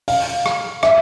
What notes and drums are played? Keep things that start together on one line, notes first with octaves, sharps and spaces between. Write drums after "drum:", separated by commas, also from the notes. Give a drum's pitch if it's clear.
F5, drum: open hi-hat
drum: rim click
E5, drum: rim click